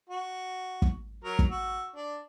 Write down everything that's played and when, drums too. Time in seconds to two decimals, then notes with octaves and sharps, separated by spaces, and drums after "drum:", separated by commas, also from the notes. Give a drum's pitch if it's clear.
0.09 F#4
0.82 drum: kick
1.24 F#3 A#4
1.39 drum: kick
1.50 F#4 E6
1.96 D4